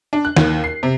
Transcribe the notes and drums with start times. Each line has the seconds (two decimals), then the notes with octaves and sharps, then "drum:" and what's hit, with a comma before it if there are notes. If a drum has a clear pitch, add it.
0.13 D4
0.25 F#6
0.36 D#2, drum: snare
0.64 C7
0.83 C3